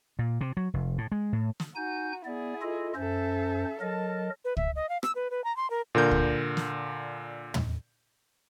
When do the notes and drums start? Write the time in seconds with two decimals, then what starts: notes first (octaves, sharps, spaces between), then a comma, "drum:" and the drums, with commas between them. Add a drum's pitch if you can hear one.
0.19 A#2
0.41 C3
0.57 F#3
0.74 F1
0.98 A2
1.12 G#3
1.33 A2
1.60 drum: snare
1.76 D#4 F#4 G#5 G6
2.25 B3 E4 G#4 D5
2.62 F4 A4 D#5
2.95 F#2 C#4 A4 C5 E5
3.81 F#3 A4 A#4 D#5 A5
4.45 B4
4.57 E5, drum: kick
4.76 D#5
4.89 F5
5.03 E6, drum: rim click
5.15 B4
5.31 B4
5.44 A#5
5.56 C6
5.70 A#4
5.95 A#2 D3 A#4 G6
6.11 drum: kick
6.57 drum: snare
7.54 drum: tom